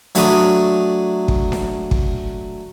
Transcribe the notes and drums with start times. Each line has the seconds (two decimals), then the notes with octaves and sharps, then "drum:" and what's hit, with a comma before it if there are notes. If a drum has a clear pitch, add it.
0.15 F#3 A3 D4 F#4 B5 D#6, drum: hi-hat
1.28 drum: kick
1.52 drum: snare D4
1.91 drum: kick